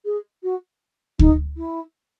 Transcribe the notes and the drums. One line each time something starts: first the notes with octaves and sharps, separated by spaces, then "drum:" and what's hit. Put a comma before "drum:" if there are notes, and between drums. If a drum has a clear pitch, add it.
G#4
F#4
D#4, drum: kick D2
E4